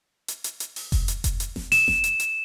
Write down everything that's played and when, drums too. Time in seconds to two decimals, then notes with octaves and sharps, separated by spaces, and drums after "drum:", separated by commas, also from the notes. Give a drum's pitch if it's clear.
0.28 drum: hi-hat
0.44 drum: hi-hat
0.60 drum: hi-hat
0.76 drum: open hi-hat
0.92 drum: kick F1, open hi-hat
1.08 drum: hi-hat
1.24 drum: kick F1, hi-hat
1.40 drum: hi-hat
1.56 drum: snare F1
1.72 E7, drum: open hi-hat
1.88 drum: snare F1
2.04 drum: hi-hat
2.20 drum: hi-hat